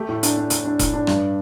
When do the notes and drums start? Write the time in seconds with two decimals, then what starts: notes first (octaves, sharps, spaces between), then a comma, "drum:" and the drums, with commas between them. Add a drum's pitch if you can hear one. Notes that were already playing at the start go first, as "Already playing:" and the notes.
Already playing: A3 G4
0.09 A2
0.23 D4, drum: hi-hat
0.37 D4
0.50 A2, drum: hi-hat
0.65 D4
0.79 A2, drum: kick E1, hi-hat
0.93 D4
1.07 G2, drum: rim click